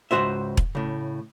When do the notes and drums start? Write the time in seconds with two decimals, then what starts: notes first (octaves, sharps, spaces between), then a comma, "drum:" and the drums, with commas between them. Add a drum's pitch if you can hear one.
0.11 C#2 G#2 B2 F#4 C5 E5
0.57 drum: kick E1
0.75 A2 C#3